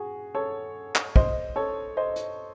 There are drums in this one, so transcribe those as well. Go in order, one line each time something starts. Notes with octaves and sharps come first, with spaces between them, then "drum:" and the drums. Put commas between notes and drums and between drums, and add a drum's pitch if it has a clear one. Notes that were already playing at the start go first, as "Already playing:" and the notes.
Already playing: F#4 G#4
A4 C#5
drum: clap
C5 D#5, drum: kick
A4 C#5
C5 D#5
drum: hi-hat